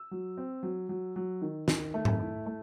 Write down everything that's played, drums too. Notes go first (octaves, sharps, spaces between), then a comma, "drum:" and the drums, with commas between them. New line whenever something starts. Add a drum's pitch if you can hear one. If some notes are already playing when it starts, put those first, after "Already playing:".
Already playing: E6
F#3
C4
F#3
F#3
F#3
D#3
D#3, drum: snare
A3
drum: tom G#2
E4
A3